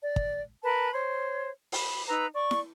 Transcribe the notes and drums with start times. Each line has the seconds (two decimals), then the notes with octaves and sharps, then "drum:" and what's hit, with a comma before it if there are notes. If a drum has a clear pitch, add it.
0.02 D5
0.16 drum: kick
0.63 A#4 B4 A5 B5
0.93 C5 C#5
1.72 B5, drum: open hi-hat
2.08 D#4 B4 A#5 E6
2.34 D5 C#6
2.51 drum: snare E4